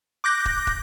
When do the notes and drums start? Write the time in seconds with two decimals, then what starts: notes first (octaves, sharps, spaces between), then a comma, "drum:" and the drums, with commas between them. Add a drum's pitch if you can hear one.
0.24 D6 F#6 G6 A#6
0.45 drum: kick
0.67 drum: kick